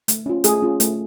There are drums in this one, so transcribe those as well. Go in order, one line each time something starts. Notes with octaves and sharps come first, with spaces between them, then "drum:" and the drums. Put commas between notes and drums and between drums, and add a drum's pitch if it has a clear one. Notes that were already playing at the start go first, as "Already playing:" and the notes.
A3, drum: hi-hat
C#4 F4
A3 G#4, drum: hi-hat
C#4 F4
A3, drum: hi-hat